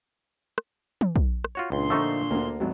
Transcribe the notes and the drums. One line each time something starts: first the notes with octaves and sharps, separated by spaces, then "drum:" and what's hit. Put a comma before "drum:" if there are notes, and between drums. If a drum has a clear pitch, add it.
drum: rim click
drum: tom
drum: kick
drum: rim click
F4 F#4 C#5
C#2 A#2 D4 C6
D3 F3 A3 D#4 C#6 E6
D2 D3 A#3
G#1 F#3